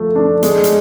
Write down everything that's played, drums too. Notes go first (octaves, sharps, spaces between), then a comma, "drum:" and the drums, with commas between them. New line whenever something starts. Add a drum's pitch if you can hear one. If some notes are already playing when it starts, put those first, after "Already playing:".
Already playing: F3 A3
D4
G#3, drum: hi-hat
drum: hi-hat